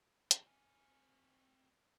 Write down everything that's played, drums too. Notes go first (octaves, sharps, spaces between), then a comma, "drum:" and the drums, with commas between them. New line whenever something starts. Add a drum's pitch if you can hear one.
F2 F3, drum: hi-hat
C4 G#5